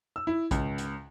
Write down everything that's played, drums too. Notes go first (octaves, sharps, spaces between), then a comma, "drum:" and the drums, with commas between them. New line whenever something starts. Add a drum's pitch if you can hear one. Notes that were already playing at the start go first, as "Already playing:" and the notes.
E6
E4
C#2, drum: kick A#1, hi-hat
drum: hi-hat